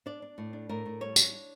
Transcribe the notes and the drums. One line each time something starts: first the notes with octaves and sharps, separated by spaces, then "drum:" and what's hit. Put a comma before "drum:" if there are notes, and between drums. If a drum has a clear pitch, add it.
D4 D5
D4
A2
D4
A2 A#4
A2
G3 C#5
D4, drum: tambourine
D4